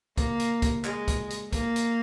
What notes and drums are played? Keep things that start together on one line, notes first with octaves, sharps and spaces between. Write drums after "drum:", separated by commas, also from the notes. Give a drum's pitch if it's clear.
A#3, drum: kick, hi-hat
drum: hi-hat
drum: kick, hi-hat
G#3, drum: clap
drum: kick, hi-hat
drum: hi-hat
A#3, drum: kick, hi-hat
drum: hi-hat